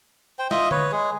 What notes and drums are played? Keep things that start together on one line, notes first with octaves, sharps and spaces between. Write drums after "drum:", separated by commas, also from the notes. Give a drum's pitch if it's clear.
C5 G5
F4 D#5 E5 D#6, drum: snare
B4 C#5, drum: tom D3
G#3 G#4